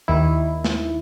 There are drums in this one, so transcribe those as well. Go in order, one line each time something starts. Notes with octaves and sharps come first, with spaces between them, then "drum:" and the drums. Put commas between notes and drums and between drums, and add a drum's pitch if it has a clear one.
D#2 D#3 E4
drum: snare